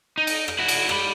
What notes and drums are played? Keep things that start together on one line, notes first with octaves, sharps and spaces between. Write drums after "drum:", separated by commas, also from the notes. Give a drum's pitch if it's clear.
D#4
drum: cymbal
drum: rim click
E4 F#4
drum: cymbal
G4 B5, drum: rim click